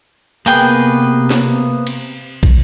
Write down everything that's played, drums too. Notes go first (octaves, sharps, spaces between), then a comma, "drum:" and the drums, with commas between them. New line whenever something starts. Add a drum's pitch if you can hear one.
C3 A#3 B3 G#4 B4 G5
drum: snare
drum: cymbal
drum: kick, cymbal